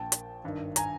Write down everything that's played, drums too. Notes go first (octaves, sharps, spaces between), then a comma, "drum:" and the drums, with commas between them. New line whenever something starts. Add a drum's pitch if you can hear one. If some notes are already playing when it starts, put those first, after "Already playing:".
Already playing: A#1 A#2 G5 A5
drum: hi-hat
G#1 G2 D#3
G#5 A#5, drum: hi-hat